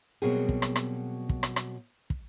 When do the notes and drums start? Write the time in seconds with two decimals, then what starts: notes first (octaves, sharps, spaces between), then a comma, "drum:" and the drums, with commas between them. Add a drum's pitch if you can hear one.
0.22 B2 F#3 G3 A#3 C4 G#4
0.49 drum: kick
0.62 drum: rim click
0.76 drum: rim click
1.29 drum: kick
1.43 drum: rim click
1.56 drum: rim click
2.10 drum: kick